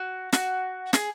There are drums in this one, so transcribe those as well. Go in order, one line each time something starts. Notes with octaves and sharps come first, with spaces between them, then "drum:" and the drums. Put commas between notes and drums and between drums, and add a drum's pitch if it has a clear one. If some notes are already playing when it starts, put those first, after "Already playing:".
Already playing: F#4
F#4, drum: snare
G#4, drum: snare